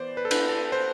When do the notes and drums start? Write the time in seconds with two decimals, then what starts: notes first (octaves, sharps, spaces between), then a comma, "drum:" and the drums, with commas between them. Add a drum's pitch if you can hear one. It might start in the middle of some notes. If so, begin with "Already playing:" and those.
Already playing: E3 B3 C5 D5
0.17 B4
0.25 A4
0.31 B4, drum: cymbal
0.49 A4
0.72 C5